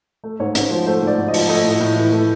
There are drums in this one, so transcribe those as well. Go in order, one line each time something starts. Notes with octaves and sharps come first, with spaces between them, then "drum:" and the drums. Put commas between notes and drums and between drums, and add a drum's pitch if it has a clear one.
A3
G#2 C#5
G#2 C5, drum: hi-hat
F3 C5
A3 C5
G#2
D5
G#2
D#5
F3, drum: open hi-hat
A3 D#5
A2
A2
E3
A3